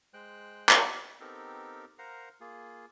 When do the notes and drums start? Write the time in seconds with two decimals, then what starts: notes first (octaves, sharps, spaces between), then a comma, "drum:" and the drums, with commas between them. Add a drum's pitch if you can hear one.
0.14 G#3 C5 G5 F#6
0.69 drum: clap
1.20 B3 C4 D#4 G4 A4 A#4
1.98 A#4 C5 F5 F#5 A#5
2.41 A#3 F4 G#4